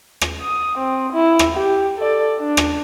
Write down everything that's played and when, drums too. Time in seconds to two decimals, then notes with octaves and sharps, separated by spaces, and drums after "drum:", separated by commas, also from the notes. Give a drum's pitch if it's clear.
0.21 drum: rim click
0.41 D#6
0.78 C4
1.13 E4
1.39 drum: rim click
1.57 G4
1.98 A4 D5
2.39 D4
2.57 drum: rim click